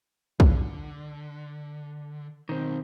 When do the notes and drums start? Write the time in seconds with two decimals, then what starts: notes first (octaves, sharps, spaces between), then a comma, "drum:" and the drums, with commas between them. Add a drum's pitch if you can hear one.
0.40 D3, drum: kick
2.49 B1 D#3 C4